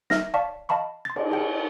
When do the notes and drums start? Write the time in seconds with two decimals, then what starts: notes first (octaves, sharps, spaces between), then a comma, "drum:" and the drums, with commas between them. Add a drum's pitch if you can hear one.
0.10 D#4 E5 F6 A#6, drum: snare
0.34 C#5 D5 F5 A5 C#6 B6
0.69 D#5 F5 A5 B5 C#6
1.05 C6 A6
1.16 drum: cymbal
1.31 G#4 G5